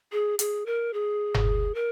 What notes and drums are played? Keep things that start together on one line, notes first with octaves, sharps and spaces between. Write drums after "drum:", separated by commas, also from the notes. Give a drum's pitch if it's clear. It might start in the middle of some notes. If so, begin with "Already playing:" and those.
G#4
G#4, drum: hi-hat
A#4
G#4
drum: tom F#1
A#4